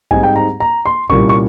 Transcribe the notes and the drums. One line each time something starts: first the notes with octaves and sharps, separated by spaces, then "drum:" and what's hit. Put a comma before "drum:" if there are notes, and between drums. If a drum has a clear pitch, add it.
G#2 G3 C4 D#4 G#5, drum: kick A#1
G5
A#5
A#5
C6
C2 A#2 G3 A#3 C#4 C#6, drum: kick A#1
C#6